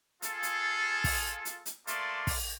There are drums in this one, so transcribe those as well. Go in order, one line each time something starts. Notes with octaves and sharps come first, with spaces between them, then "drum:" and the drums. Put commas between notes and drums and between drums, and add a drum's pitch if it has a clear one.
F4 G#4 A4, drum: hi-hat
drum: hi-hat
drum: kick, open hi-hat
drum: hi-hat
drum: hi-hat
A3 A#3 F4 D5 A5 C6, drum: hi-hat
drum: kick, open hi-hat